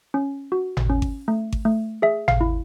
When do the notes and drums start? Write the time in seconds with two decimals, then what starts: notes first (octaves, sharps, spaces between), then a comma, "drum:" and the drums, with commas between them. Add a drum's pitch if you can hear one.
0.14 C#4
0.52 F#4
0.77 drum: tom G#1
0.90 C#4
1.02 drum: kick G#1
1.28 A3
1.53 drum: kick G#1
1.65 A3
2.02 G#4 E5
2.28 F5, drum: tom G#1
2.41 E4